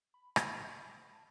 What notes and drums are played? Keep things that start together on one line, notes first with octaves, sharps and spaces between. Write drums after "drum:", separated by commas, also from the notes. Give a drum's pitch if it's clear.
B5
drum: rim click
C6
B5
B5
A5